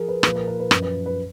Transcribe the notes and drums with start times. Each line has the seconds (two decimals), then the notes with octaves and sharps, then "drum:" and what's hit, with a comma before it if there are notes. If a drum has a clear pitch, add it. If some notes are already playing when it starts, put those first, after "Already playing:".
Already playing: F3 G#4 A#4
0.08 B4
0.23 A#2 F3 B4, drum: rim click
0.36 A#4
0.47 A#4
0.60 B4
0.71 F#2 F3 B4, drum: rim click
0.82 B4
1.06 B4